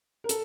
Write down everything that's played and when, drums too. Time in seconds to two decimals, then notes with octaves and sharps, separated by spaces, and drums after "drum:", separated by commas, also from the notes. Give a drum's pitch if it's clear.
0.24 A#4
0.29 A4, drum: hi-hat